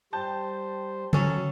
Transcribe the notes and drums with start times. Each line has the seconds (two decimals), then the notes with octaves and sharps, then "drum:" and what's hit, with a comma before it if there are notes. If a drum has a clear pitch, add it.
0.13 G3 C5 G5 A5 G6
1.13 F#3 C#4 A4, drum: tom